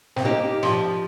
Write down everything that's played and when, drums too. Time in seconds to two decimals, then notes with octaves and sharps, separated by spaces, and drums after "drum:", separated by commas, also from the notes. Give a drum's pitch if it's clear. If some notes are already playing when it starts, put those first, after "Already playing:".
0.16 C4, drum: snare
0.24 A#3 D#4 G4
0.63 F3, drum: snare